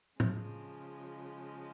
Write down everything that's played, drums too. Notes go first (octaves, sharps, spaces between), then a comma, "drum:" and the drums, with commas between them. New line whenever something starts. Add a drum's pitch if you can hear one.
C#3 F3 G#3, drum: tom